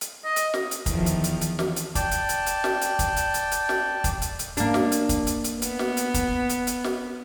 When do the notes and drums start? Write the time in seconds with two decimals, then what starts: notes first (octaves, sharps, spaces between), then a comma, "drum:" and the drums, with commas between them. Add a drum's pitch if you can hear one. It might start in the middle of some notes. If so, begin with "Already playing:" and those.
0.01 drum: hi-hat
0.25 D#5
0.36 drum: hi-hat
0.54 drum: snare
0.71 drum: hi-hat
0.86 E2 D#3 F3, drum: kick, hi-hat
1.06 drum: hi-hat
1.24 drum: hi-hat
1.41 drum: hi-hat
1.59 drum: snare
1.76 drum: hi-hat
1.95 D5 G5 A5, drum: kick, hi-hat
2.11 drum: hi-hat
2.29 drum: hi-hat
2.46 drum: hi-hat
2.64 drum: snare
2.81 drum: hi-hat
2.99 drum: kick, hi-hat
3.16 drum: hi-hat
3.34 drum: hi-hat
3.51 drum: hi-hat
3.69 drum: snare
4.04 drum: kick, hi-hat
4.22 drum: hi-hat
4.39 drum: hi-hat
4.57 A#3 D4, drum: hi-hat
4.74 drum: snare
4.92 drum: hi-hat
5.09 drum: kick, hi-hat
5.27 drum: hi-hat
5.44 drum: hi-hat
5.62 B3, drum: hi-hat
5.79 drum: snare
5.97 drum: hi-hat
6.14 drum: kick, hi-hat
6.49 drum: hi-hat
6.67 drum: hi-hat
6.84 drum: snare